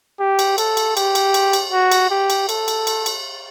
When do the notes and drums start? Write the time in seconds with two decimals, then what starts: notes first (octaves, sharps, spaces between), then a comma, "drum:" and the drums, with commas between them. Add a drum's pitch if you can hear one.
0.20 G4
0.39 drum: cymbal
0.58 A4, drum: cymbal
0.77 drum: cymbal
0.97 G4, drum: cymbal
1.15 drum: cymbal
1.34 drum: cymbal
1.53 drum: cymbal
1.72 F#4
1.92 drum: cymbal
2.11 G4
2.30 drum: cymbal
2.49 A4, drum: cymbal
2.68 drum: cymbal
2.87 drum: cymbal
3.06 drum: cymbal